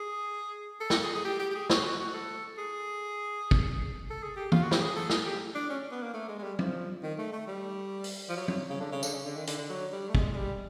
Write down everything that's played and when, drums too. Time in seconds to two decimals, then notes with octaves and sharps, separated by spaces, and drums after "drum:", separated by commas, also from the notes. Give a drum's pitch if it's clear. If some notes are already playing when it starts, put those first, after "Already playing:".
Already playing: G#4
0.81 A4
0.90 drum: snare
1.03 G#4
1.15 G#4
1.25 G4
1.39 G4
1.51 G4
1.55 G#4
1.70 F#4, drum: snare
1.84 F#4
1.99 F#4
2.14 A4
2.58 G#4
3.51 drum: kick
4.10 A4
4.23 G#4
4.36 G4
4.52 F4, drum: tom
4.62 F#4
4.71 G4, drum: snare
4.81 G#4
4.96 A4
5.10 G#4, drum: snare
5.25 G4
5.55 D4
5.70 C#4
5.91 B3
6.02 A#3
6.14 A3
6.29 G#3
6.39 G#3
6.43 G3
6.59 F3, drum: tom
7.03 D#3
7.18 A3
7.33 A3
7.47 G3
8.04 drum: open hi-hat
8.29 F3
8.37 F#3
8.48 F#3, drum: tom
8.70 C#3
8.80 D3
8.92 C#3
9.03 D3, drum: tambourine
9.14 C#3
9.26 D3
9.36 D#3
9.47 D3, drum: hi-hat
9.58 D3
9.69 F#3
9.92 G3
10.09 A3
10.15 G#3, drum: kick
10.32 G#3
10.37 G3